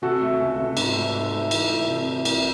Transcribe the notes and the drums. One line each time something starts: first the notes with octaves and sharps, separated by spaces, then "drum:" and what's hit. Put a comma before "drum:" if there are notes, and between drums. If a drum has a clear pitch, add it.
C3 F#4 A4
A3
C#2
C3
G#2, drum: cymbal
A3
G#2
A3
E3, drum: cymbal
A3
C3
E3
C2, drum: cymbal